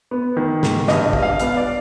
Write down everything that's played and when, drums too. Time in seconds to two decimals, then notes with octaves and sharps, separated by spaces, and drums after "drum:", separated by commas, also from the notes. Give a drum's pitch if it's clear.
0.11 B3
0.37 D#3
0.63 G#2, drum: snare
0.88 G2 D#5, drum: snare
1.06 D#5
1.13 G2, drum: kick
1.22 F5
1.39 B3 F5, drum: hi-hat
1.57 D5